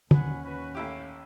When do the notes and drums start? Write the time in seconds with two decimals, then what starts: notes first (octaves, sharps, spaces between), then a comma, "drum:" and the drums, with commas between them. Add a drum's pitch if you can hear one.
0.11 D#2 C#4 F#5 G#5 B5, drum: tom
0.44 F#4 B4
0.75 A1 E4 G4 C#5 F5 D6